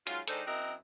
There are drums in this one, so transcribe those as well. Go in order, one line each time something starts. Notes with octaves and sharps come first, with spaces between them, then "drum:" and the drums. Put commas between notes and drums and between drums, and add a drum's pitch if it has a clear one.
G#2 F#3 C#4 F4, drum: hi-hat
D#3 G#3 D4 D#4 A4 C5, drum: hi-hat
F#2 C4 E4 F#4 A#4 D#5